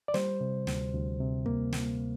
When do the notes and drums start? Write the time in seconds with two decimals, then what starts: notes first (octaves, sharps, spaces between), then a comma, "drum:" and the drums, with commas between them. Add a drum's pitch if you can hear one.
0.08 D5
0.14 G3 C5, drum: snare
0.41 C3
0.67 D2, drum: snare
0.94 D2
1.20 C3
1.46 A#3, drum: kick
1.72 drum: snare